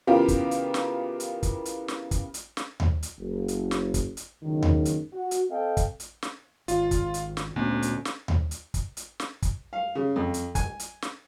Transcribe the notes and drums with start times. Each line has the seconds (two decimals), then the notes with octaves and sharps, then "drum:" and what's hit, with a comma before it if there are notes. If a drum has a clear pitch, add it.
0.07 C#3 E3 B3 F4 G4 A#4
0.28 drum: kick, hi-hat
0.51 drum: hi-hat
0.74 drum: snare
1.20 drum: hi-hat
1.43 drum: kick, hi-hat
1.65 drum: hi-hat
1.88 drum: snare
2.11 drum: kick, hi-hat
2.34 drum: hi-hat
2.57 drum: snare
2.80 drum: tom D#2
3.03 drum: hi-hat
3.19 F#1
3.48 drum: hi-hat
3.71 drum: snare
3.94 drum: kick, hi-hat
4.17 drum: hi-hat
4.43 F#1 C#2 D#3
4.63 drum: tom D#2
4.85 drum: hi-hat
5.13 F#4
5.31 drum: hi-hat
5.50 C4 A4 D#5 F5 G5
5.77 drum: kick, hi-hat
6.00 drum: hi-hat
6.22 drum: snare
6.68 G#1 F4, drum: hi-hat
6.91 drum: kick, hi-hat
7.14 drum: hi-hat
7.37 drum: snare
7.56 D2 A#2 B3 C#4
7.82 drum: hi-hat
8.05 drum: snare
8.28 drum: tom D#2
8.51 drum: hi-hat
8.74 drum: kick, hi-hat
8.97 drum: hi-hat
9.20 drum: snare
9.42 drum: kick, hi-hat
9.73 F5
9.95 C#3
10.16 F2
10.34 drum: hi-hat
10.55 G#5, drum: kick, hi-hat
10.80 drum: hi-hat
11.02 drum: snare